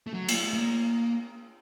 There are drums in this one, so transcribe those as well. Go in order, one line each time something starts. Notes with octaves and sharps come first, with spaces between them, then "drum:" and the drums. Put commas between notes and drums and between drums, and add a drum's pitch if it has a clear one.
A3
F#3
A#3, drum: cymbal
A3
A#3